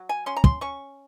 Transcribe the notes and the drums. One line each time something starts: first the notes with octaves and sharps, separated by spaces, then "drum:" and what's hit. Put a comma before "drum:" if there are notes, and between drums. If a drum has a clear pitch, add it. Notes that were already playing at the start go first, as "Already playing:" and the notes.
Already playing: F#3
G#5
C#4 C6
A#5
C6, drum: kick
C#4 C#6